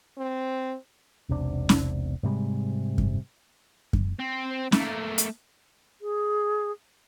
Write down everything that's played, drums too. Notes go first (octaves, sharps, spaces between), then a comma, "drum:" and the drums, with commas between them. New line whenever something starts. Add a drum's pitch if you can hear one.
C4
E1 B1 C3 D4
drum: snare C#4
G#2 C3 G3 G#3
drum: kick F#2
drum: kick F#2
C4
A3 A#3, drum: snare C#4
drum: hi-hat
G#4